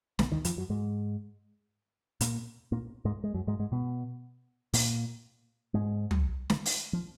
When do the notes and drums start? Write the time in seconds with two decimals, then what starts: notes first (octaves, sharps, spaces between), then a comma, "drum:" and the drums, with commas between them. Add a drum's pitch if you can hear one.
0.19 B1 B2, drum: snare
0.32 D#2 D#3
0.45 F2 F3, drum: hi-hat
0.57 F#2 F#3
0.70 G#2 G#3
2.21 A#2 A#3, drum: hi-hat
2.72 A#2 A#3
3.05 G#2 G#3
3.24 G#3
3.34 F#2 F#3
3.47 G#2 G#3
3.59 G#2 G#3
3.72 B2 B3
4.73 A#2 A#3, drum: open hi-hat
5.74 G#2 G#3
6.11 drum: tom
6.50 drum: snare
6.66 drum: open hi-hat
6.93 F3